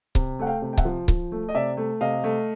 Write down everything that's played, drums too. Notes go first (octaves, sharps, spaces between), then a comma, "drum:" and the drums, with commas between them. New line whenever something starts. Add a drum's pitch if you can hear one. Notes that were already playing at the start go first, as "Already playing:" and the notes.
C3, drum: kick C#1
A3 F#5
F5 G5
C3
G5
E5 F#5, drum: kick C#1
F3
F3, drum: kick C#1
A3
D#5
C3 D5 E5
A3
C3 D#5 F5
A3